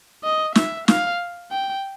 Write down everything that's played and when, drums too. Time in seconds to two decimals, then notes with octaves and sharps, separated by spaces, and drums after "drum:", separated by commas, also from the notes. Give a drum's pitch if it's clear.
0.24 D#5
0.55 E5, drum: snare
0.88 F5, drum: snare
1.51 G5